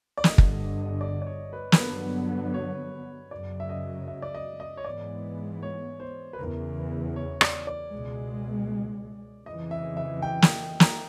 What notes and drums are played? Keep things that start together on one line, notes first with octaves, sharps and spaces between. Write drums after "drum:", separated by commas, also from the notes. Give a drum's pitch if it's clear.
D5
G1 G2 D3 D#5, drum: snare
drum: kick
D5
D5
C#5
B4
A#4, drum: snare
G2 D3 F#3 B3 B4
C#5
F#2 C#3 F#3 D5
E5
D#5
E5
D5
D#5
D#5
C#5
G#2 E3 G#3 B3 D5
C#5
C5
B4
E2 C#3 E3 A#4
C#5
D5, drum: rim click
D5
C#2 B2 G#3
F2 C#3 E3 D#5
E5
E5
G5
G5, drum: snare
A#5, drum: snare